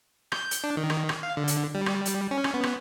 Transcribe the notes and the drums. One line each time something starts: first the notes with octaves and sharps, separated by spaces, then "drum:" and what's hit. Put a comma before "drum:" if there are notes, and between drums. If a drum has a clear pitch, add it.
G6, drum: rim click
drum: hi-hat
D4
D#3
drum: rim click
drum: rim click
F5
D3
drum: hi-hat
G3
drum: rim click
drum: hi-hat
C#4
drum: rim click
B3
drum: rim click